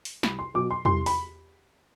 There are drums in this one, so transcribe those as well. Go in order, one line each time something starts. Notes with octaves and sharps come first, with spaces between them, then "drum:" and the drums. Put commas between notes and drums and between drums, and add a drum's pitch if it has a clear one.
drum: open hi-hat
C2 B5, drum: snare
C6
B2 F#3 D6
C6
C2 C6, drum: tom E2
B5, drum: open hi-hat